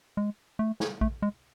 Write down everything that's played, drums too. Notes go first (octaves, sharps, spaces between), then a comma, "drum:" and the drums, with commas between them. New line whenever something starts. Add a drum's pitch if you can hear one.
G#3
A3
drum: snare
A3, drum: kick A#1
G#3